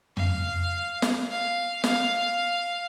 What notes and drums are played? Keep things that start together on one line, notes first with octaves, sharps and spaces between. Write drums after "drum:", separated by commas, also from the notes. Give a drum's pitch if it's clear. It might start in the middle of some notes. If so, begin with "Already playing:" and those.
F5, drum: tom F2
drum: snare
F5
F5, drum: snare